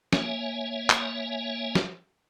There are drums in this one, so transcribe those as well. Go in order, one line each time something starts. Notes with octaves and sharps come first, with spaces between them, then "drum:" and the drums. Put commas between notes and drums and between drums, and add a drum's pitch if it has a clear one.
A#3 C#5 E5 G#5, drum: snare
drum: clap
drum: snare